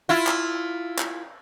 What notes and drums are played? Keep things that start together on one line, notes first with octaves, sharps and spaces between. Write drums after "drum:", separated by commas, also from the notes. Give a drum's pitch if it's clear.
E4 F4
drum: clap
drum: clap